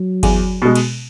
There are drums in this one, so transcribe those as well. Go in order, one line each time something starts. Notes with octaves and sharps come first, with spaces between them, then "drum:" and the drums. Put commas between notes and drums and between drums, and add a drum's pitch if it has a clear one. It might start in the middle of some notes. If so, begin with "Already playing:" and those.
Already playing: F#3
E2, drum: kick G1, cymbal
B2 G#3
drum: cymbal